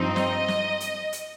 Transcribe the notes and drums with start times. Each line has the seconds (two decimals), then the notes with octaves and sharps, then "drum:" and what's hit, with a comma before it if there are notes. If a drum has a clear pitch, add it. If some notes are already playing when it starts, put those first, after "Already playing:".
Already playing: G2 F3 C4 D#4
0.16 D#5, drum: snare
0.48 drum: snare
0.80 drum: hi-hat
1.13 drum: hi-hat